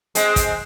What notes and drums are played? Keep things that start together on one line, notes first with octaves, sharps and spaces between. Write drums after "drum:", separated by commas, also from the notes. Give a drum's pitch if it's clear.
G#3 C4, drum: hi-hat
drum: kick, hi-hat